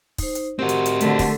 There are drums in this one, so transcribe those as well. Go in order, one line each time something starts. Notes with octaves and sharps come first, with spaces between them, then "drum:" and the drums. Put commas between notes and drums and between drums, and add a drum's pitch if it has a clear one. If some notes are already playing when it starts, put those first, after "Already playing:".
D#4 C5, drum: kick, open hi-hat
drum: hi-hat
C4 F#4 G4 A#4 C6
drum: hi-hat
drum: hi-hat
D3 A3, drum: hi-hat
drum: kick, open hi-hat